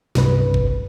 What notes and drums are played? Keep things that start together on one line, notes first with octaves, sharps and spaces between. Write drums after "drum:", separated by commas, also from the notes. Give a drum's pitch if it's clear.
C2 G2 B4, drum: snare
drum: kick